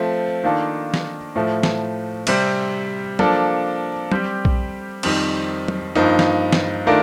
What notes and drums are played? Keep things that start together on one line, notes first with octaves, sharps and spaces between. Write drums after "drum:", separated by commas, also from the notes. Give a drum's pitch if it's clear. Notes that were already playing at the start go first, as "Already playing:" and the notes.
Already playing: F3 A3 C4
D#3 A#3 D4 F4 A4
drum: snare
A2 F3 A3
drum: snare
C3 G3 C4, drum: cymbal
F3 A#3 D4 A4, drum: tom F#3
G3 C4 G4, drum: tom F#3
drum: kick B1
F2 D#3 G3 C4 D#4, drum: cymbal
drum: tom F#3
G2 F3 A#3 D#4
drum: snare
drum: snare
D#3 A3 D4 F4 A#4